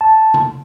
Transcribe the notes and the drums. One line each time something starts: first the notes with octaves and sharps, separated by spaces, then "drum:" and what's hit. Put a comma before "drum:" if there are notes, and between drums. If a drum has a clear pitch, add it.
A5
drum: tom C#3